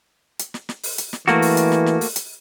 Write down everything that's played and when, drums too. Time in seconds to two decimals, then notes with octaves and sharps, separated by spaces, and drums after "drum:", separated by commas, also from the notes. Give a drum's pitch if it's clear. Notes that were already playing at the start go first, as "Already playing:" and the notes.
0.39 drum: hi-hat
0.54 drum: snare
0.69 drum: snare
0.83 drum: open hi-hat
0.98 drum: hi-hat
1.13 drum: snare
1.28 E3 A3 A#3 F#4, drum: snare
1.42 drum: open hi-hat
1.57 drum: hi-hat
1.72 drum: snare
1.86 drum: snare
2.01 drum: open hi-hat
2.16 drum: hi-hat